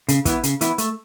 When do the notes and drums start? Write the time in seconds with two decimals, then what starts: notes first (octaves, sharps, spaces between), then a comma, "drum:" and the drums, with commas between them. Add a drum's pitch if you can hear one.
0.09 C#3, drum: hi-hat
0.25 E3 B3 E4, drum: kick, hi-hat
0.43 C#3, drum: hi-hat
0.61 E3 B3 E4, drum: hi-hat
0.78 A3, drum: hi-hat